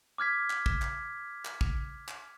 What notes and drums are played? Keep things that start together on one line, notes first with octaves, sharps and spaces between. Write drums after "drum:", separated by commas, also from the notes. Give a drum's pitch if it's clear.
D6 F6 G#6 B6
drum: clap
drum: kick
drum: clap
drum: clap
drum: kick
drum: clap